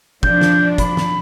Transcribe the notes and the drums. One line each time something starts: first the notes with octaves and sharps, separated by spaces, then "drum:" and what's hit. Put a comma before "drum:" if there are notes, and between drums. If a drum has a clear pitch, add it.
F3 D4 G6, drum: kick
drum: snare
B5, drum: kick, hi-hat
drum: snare